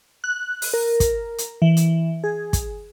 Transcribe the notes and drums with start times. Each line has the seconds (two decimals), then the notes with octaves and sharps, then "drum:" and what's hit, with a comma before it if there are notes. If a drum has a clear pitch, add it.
0.24 F#6
0.62 drum: open hi-hat
0.74 A#4
1.00 drum: kick, hi-hat
1.38 drum: hi-hat
1.62 E3
1.77 drum: hi-hat
2.24 G#4
2.53 drum: kick, hi-hat